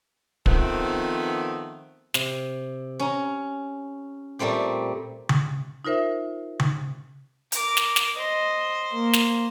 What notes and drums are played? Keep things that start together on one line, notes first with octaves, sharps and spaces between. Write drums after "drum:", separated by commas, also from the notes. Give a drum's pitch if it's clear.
D#3 F3 A3 B3 C4, drum: kick
C3, drum: snare
C#4 A#5
A#2 G3 A3 C4 G4
drum: tom C#3
D#4 F4 A#4 C5 E5
drum: tom C#3
A#4 D6, drum: hi-hat
drum: snare
drum: snare
C5 D#5
A#3
drum: snare